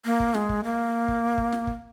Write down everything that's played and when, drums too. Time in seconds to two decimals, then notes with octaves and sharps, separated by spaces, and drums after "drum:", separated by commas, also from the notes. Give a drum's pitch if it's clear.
0.05 A#3
0.20 drum: kick
0.34 G#3, drum: snare
0.49 drum: kick
0.64 A#3
1.08 drum: kick
1.38 drum: kick
1.52 drum: snare
1.67 drum: kick